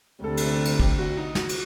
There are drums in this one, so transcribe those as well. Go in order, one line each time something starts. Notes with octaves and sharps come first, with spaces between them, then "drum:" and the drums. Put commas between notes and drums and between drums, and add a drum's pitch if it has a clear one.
D2 C3 G3 A4
drum: cymbal
drum: cymbal
G4, drum: kick
F#4
D#4
F#4, drum: snare
drum: cymbal